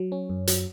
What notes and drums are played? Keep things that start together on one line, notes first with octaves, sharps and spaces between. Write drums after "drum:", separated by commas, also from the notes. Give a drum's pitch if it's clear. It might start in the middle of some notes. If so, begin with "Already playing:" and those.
Already playing: F#3
C#4
F#2
F#3, drum: hi-hat